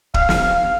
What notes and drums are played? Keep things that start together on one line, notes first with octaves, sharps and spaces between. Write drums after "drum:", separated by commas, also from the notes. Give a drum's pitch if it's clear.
F5, drum: kick
drum: snare